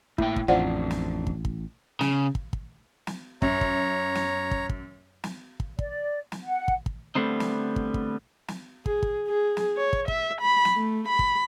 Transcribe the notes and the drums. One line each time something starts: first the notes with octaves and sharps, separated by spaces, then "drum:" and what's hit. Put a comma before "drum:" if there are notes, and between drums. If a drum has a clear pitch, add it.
A2 A#3 E4 G5, drum: kick
drum: kick
A1 F2 C4 D4 F4 C5 D5 F#5
drum: snare
drum: kick
drum: kick
C#3, drum: snare
drum: kick
drum: kick
drum: snare
F#2 C#5 A#5, drum: kick
drum: kick
drum: snare
drum: kick
drum: kick
drum: snare
drum: kick
D5, drum: kick
drum: snare
F#5
drum: kick
drum: kick
D3 G3 A3 B3 C4 D#4
drum: snare
drum: kick
drum: kick
drum: snare
G#4, drum: kick
drum: kick
G#4
drum: snare
C#5
drum: kick
E5, drum: kick
B5
drum: snare
A3
B5
drum: kick